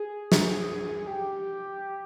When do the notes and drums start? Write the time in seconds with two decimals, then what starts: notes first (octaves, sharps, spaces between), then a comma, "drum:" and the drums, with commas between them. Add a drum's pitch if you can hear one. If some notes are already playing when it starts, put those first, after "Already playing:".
Already playing: G#4
0.32 drum: snare
1.07 G4